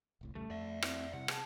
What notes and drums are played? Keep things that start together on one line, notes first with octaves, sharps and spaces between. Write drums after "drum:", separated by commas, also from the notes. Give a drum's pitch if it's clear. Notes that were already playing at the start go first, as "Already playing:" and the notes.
D1 C2 A2
E2 C#3 G3 A3
F2 D5 E5
A2 C4, drum: rim click
C2 C3 F#5
G#4 G#5 A5, drum: rim click